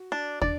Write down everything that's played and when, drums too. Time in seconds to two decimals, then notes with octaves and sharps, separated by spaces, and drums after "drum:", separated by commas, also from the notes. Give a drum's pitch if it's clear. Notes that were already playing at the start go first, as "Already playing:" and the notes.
Already playing: F#4
0.12 D4
0.42 D4 D5, drum: kick